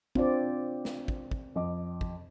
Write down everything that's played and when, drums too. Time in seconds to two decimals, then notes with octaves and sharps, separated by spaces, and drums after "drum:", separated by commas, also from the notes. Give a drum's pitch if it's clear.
0.15 C4 D4 F4 C5 D5, drum: kick
0.85 drum: snare
1.08 drum: kick
1.31 drum: kick
1.55 F2 D#5 D6
2.01 drum: kick